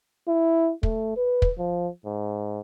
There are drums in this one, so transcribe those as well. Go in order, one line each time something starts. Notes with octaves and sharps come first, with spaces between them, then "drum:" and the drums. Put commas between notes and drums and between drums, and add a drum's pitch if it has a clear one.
E4
A3, drum: kick
B4
drum: kick
F3
G#2